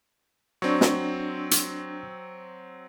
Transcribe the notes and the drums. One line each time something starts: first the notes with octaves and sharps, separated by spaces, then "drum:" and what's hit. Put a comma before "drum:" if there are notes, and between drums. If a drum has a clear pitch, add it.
F#3 C4 D4 C#6
drum: snare
drum: hi-hat